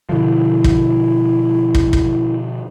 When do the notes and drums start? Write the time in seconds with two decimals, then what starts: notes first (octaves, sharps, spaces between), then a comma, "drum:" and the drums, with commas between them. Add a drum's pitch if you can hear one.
0.09 B2 D3 F3 E4
0.64 drum: kick
1.75 drum: kick
1.93 drum: kick